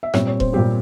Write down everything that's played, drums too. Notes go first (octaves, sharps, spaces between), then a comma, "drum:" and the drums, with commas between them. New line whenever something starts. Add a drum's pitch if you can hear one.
E5
A#2 G3 C4 C#5, drum: rim click
C#5
C5, drum: kick E1
A#2 G3 C4 G4